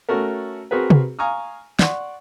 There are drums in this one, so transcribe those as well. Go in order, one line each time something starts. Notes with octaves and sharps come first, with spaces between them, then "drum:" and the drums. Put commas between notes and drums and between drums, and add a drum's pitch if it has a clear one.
A3 C#4 F#4 A4 A#4
C4 F#4 G#4 A#4 B4
drum: tom C3
F5 G#5 A#5 C#6 D#6 F6
D5 F#5 C6 C#6, drum: snare